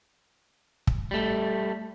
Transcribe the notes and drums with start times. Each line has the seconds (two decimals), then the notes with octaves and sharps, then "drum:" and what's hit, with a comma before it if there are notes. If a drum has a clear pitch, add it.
0.87 drum: kick
1.11 G3 A3